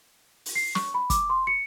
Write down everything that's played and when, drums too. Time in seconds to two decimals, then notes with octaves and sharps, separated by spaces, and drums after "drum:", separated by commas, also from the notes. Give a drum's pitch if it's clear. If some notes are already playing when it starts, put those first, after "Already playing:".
0.46 drum: open hi-hat
0.55 C7
0.75 C#6, drum: snare
0.94 B5
1.10 D6, drum: kick, hi-hat
1.30 C6
1.47 C#7